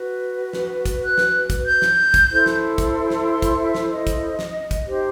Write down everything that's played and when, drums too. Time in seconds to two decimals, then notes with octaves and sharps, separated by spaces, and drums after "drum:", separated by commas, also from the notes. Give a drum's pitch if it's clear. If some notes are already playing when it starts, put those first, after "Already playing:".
Already playing: F#4 B4
0.53 drum: snare
0.85 drum: kick, hi-hat
1.02 F#6
1.18 drum: snare
1.50 drum: kick, hi-hat
1.65 G6
1.82 drum: snare
2.14 drum: kick, hi-hat
2.30 E4 A4 C5
2.46 drum: snare
2.78 drum: kick, hi-hat
3.10 drum: snare
3.26 C6
3.42 drum: kick, hi-hat
3.59 E5
3.75 drum: snare
3.90 D#5
4.07 drum: kick, hi-hat
4.39 drum: snare
4.71 drum: kick, hi-hat
4.87 D#4 G4 C5